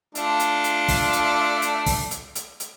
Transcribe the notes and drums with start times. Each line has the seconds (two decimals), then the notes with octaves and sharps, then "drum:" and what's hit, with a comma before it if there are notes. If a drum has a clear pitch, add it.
0.15 A3 D4 F4, drum: hi-hat
0.40 drum: hi-hat
0.64 drum: hi-hat
0.88 drum: kick, open hi-hat
1.13 drum: hi-hat
1.62 drum: hi-hat
1.86 drum: kick, open hi-hat
2.11 drum: hi-hat
2.35 drum: hi-hat
2.60 drum: hi-hat